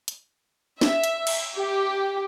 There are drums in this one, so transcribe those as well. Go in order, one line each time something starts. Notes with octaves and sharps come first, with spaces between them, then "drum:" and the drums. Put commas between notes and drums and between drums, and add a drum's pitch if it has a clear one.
drum: hi-hat
E5, drum: snare
drum: hi-hat
drum: cymbal
G4